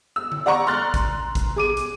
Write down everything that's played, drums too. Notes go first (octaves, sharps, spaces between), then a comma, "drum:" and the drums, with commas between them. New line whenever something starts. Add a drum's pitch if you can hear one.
E6
drum: tom D3
D5 F#5 A#5 C#6
A#5 C6 F6 F#6 A6
drum: kick G#1, hi-hat
drum: kick G#1, hi-hat
G#4 D6 D#7
drum: hi-hat